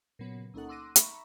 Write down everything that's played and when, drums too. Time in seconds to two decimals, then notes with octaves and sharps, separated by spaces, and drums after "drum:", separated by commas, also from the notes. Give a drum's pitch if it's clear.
0.19 A#2 C#3 F#3 B3
0.54 C#2 A#3 C#4 D#4 A4 F#5
0.69 C6 D6 E6 F#6 A#6 D#7
0.96 E5 A#5 B5 C#6, drum: hi-hat